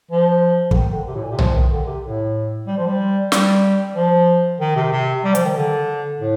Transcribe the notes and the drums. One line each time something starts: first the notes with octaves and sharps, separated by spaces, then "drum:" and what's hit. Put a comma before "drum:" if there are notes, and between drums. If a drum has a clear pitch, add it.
F3
D3, drum: kick
D#3
D3
C3
A2
A#2
C3
F3, drum: tom B1
D#3
D3
C3
A2
G3
F3
G3
G3, drum: snare
F3
D#3
C3
C3
G3
F3, drum: hi-hat
D#3
D3
A2